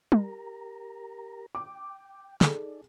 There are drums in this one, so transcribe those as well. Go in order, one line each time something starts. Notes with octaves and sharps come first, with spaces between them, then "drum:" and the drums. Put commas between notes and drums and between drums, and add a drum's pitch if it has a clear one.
G4 A#4 A#5, drum: tom
G5 D6
D#4 G#4 A4 D5, drum: snare